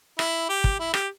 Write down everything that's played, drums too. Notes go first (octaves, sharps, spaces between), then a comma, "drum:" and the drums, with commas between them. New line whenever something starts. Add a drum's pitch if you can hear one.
E4, drum: rim click
G4
drum: kick
E4
G4, drum: rim click